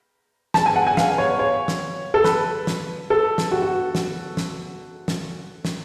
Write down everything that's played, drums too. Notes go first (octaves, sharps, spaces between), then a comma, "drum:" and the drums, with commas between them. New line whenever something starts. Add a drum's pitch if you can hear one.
A5, drum: snare
G#5
F#5
G#5
F5, drum: snare
C#5
C#5
drum: snare
A4
B4, drum: snare
drum: snare
A4
drum: snare
F#4
F#4
drum: snare
drum: snare
drum: snare
drum: snare